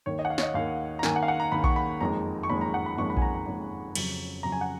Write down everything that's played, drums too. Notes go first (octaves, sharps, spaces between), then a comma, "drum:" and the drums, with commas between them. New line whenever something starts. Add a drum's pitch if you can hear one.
D#2 D#3 A#3 C#5
D#5
F#5
F5
C#5, drum: snare
D#5
D#2 D#3 A#3 F5
A#5
D#2 D#3 A#3 G#5, drum: snare
F#5
F5
F#5
A#5
D#2 D#3 A#3 B5
C#6, drum: kick A#1
B5
F#1 F2 D#3 G#3 A#5
C#6
F#1 F2 D#3 G#3 B5
A#5
F#5
B5
F#1 F2 D#3 G#3 C#6
B5
G#5, drum: kick A#1
A#5
A#5
F#1 F2 D#3 G#3
F2 C#3 F#3, drum: cymbal
F2 C#3 F#3 A#5
G#5
F#5